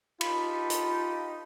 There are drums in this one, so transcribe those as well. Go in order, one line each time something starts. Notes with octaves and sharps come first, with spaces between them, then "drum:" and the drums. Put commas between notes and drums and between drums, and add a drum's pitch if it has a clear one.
D#4 F4 G4 A5 B5, drum: cymbal
drum: hi-hat